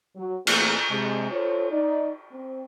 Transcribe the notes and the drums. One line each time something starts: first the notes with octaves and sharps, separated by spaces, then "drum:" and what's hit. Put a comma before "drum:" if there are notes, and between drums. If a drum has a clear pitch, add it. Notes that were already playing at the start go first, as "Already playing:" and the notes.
F#3
A#2 E3 A3 A#3 C4 G#4, drum: cymbal
C3 G#3
F4 A4 C5 C#5
D#4 D5
C4